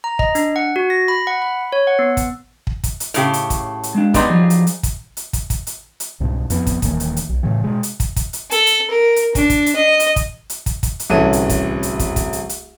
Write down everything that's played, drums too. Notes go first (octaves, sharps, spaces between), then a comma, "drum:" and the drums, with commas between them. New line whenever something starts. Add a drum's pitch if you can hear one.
A#5
D#5, drum: kick
D4, drum: hi-hat
F#5
F#4
A#6
B5
F#5
B5
C#5
F#5
B3
drum: kick, hi-hat
drum: kick
drum: kick, hi-hat
drum: hi-hat
A2 C#3 G4, drum: hi-hat
drum: hi-hat
drum: kick, hi-hat
drum: hi-hat
G#3 D4
G3 B3 D#4 G#4 C6, drum: kick, hi-hat
F3 F#3
drum: hi-hat
drum: hi-hat
drum: kick, hi-hat
drum: hi-hat
drum: kick, hi-hat
drum: kick, hi-hat
drum: hi-hat
drum: hi-hat
C2 G#2 B2
F2 B3, drum: hi-hat
drum: kick, hi-hat
D#1 D#2 E3 A#3, drum: kick, hi-hat
drum: hi-hat
drum: hi-hat
B1
A2 C#3 E3
B2 G#3
drum: hi-hat
drum: kick, hi-hat
drum: kick, hi-hat
drum: hi-hat
A4, drum: hi-hat
drum: hi-hat
A#4
drum: hi-hat
D4, drum: kick, hi-hat
drum: kick, hi-hat
drum: hi-hat
D#5
drum: hi-hat
drum: kick, hi-hat
drum: hi-hat
drum: kick, hi-hat
drum: kick, hi-hat
drum: hi-hat
D1 C2 E3 C#4 A4 D#7
drum: hi-hat
drum: kick, hi-hat
drum: hi-hat
drum: kick, hi-hat
drum: kick, hi-hat
drum: hi-hat
drum: hi-hat